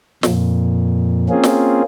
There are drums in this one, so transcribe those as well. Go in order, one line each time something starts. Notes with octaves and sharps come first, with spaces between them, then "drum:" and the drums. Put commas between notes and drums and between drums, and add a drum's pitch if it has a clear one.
F2 A#2, drum: snare
A#3 C4 C#4 F4 G#4
drum: snare